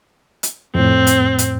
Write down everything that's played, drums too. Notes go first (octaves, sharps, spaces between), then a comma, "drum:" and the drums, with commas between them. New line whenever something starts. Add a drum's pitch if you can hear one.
drum: hi-hat
F2 A2 C4
drum: hi-hat
drum: hi-hat